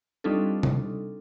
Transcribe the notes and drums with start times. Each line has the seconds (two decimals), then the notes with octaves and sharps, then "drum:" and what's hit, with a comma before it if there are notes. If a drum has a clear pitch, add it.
0.24 G3 C4 D4 D#4 F4 A4
0.63 drum: tom C3